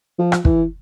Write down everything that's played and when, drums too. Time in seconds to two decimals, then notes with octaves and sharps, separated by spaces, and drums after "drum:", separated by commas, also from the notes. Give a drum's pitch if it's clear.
0.19 F3
0.32 drum: rim click
0.45 E3, drum: kick